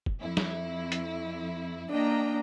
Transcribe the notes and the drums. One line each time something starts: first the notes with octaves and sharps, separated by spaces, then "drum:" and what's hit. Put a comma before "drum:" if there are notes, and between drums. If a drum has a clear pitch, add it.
drum: kick
F2 E4
drum: snare
drum: hi-hat
A#3 D4 D#5 G5 A#5